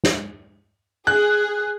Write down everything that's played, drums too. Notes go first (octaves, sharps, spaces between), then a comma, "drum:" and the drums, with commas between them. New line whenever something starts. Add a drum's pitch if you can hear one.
drum: snare
G#4 F#6